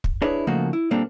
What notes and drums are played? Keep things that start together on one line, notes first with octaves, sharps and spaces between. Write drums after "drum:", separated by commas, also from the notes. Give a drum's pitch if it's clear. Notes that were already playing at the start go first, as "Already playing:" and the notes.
drum: kick
D4 E4 G#4 B4 C#5
C#3 F3 A3 A#3 D#4 F#4
E4
A#2 G3 A#3 C4 D4 A4